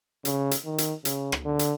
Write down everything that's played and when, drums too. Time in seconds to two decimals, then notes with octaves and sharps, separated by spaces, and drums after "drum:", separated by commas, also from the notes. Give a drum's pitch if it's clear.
0.25 C#3, drum: hi-hat
0.51 drum: hi-hat
0.65 D#3
0.78 drum: hi-hat
1.05 C#3, drum: hi-hat
1.32 drum: rim click
1.45 D3
1.59 drum: hi-hat